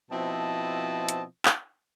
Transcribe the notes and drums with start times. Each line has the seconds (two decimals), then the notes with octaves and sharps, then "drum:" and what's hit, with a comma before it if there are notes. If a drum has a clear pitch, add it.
0.11 B2 F3 C4 E4 D#5 A5
1.09 drum: hi-hat
1.45 drum: clap